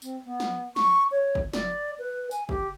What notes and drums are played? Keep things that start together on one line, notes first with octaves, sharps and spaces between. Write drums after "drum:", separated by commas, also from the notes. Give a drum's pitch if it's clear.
C4, drum: tambourine
B3
drum: snare
C#6, drum: snare
C#5
drum: kick
D5, drum: snare
B4
G#5, drum: tambourine
G4, drum: kick